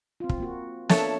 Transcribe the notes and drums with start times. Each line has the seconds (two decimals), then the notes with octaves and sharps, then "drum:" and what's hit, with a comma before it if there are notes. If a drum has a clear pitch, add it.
0.20 C4 F4
0.29 drum: kick
0.40 A#3 F#4
0.89 A#3 D4 A4 C#5 E5 A5, drum: snare